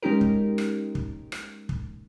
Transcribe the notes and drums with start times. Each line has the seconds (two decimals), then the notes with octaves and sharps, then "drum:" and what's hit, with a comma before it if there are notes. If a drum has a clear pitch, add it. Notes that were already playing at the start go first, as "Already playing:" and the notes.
0.02 G#3 C#4 D#4 G4 A#4
0.21 drum: kick
0.58 drum: rim click
0.95 drum: kick
1.32 drum: rim click
1.69 drum: kick